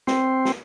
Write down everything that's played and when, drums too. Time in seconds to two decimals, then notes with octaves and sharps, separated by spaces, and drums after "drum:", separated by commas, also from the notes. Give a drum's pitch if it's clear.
0.07 C4, drum: snare
0.45 drum: snare